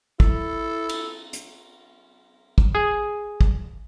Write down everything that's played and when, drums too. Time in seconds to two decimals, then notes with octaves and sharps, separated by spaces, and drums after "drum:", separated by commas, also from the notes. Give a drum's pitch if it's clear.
0.20 E4 A4, drum: kick
0.89 drum: cymbal
1.33 drum: hi-hat
2.58 drum: kick
2.75 G#4
3.41 drum: kick